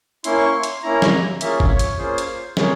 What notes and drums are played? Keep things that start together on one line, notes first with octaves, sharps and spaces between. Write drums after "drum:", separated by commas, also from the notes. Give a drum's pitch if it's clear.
A#3 C#4 E4 C6, drum: hi-hat
C#6
C6
drum: hi-hat
A#3 C#4 E4 A#5
drum: snare
A#3 C#4 F4 G#4 E5, drum: hi-hat
drum: kick
C#5
drum: hi-hat
A#3 C#4 F4 G#4 C5
drum: hi-hat
A#3 F4 G#4 C#5, drum: snare